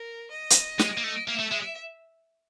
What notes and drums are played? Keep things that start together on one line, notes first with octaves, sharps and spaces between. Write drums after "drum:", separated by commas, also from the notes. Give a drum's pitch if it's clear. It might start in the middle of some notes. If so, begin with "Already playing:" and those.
Already playing: A#4
D#5
drum: hi-hat
G#3, drum: snare
A#3
A3
A#3 E5
A3
G#3